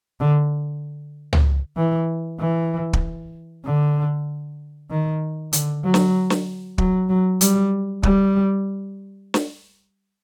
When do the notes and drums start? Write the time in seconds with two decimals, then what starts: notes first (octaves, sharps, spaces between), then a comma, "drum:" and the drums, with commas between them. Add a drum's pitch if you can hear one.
0.20 D3
1.33 drum: tom C#2
1.77 E3
2.39 E3
2.93 drum: kick
3.65 D3
4.90 D#3
5.53 D3, drum: hi-hat
5.84 F#3
5.94 drum: snare
6.30 drum: snare
6.78 F#3, drum: kick
7.10 F#3
7.41 G3, drum: hi-hat
8.03 G3, drum: kick
9.34 drum: snare